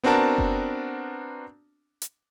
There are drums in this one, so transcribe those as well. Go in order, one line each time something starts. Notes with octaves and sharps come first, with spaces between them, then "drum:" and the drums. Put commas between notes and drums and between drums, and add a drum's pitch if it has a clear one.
B3 C4 D4 F#4 A#4 A5
drum: kick F#1
drum: hi-hat